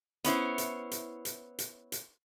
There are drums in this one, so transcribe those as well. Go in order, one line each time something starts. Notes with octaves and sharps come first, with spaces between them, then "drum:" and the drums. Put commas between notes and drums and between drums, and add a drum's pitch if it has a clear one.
B3 C#4 E4 C5, drum: hi-hat
drum: hi-hat
drum: hi-hat
drum: hi-hat
drum: hi-hat
drum: hi-hat